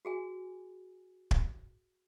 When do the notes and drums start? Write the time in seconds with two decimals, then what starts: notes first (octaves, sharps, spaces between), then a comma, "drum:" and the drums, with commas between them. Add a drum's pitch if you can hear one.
0.05 F#4 G#4 G#5
1.31 drum: kick